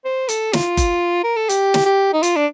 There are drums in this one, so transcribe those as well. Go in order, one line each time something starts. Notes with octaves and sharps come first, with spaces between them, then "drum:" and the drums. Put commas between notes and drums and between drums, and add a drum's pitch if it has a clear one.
C5
A4, drum: hi-hat
F4, drum: snare
drum: kick F#1, hi-hat
A#4
A4
G4, drum: hi-hat
drum: snare
G4
D#4
F4, drum: hi-hat
D4